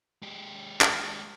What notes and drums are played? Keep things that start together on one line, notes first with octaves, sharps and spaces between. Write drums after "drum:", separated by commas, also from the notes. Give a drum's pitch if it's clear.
G#3 G4
drum: clap